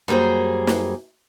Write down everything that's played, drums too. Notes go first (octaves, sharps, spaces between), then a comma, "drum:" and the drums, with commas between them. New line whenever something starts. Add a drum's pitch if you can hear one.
F#2 G3 A#3 G#4 C5
drum: snare